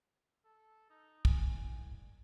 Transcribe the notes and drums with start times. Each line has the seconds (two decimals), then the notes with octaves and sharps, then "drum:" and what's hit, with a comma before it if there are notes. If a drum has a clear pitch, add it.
0.45 A4
0.90 D#4
1.25 C3 G#5, drum: kick
1.49 C2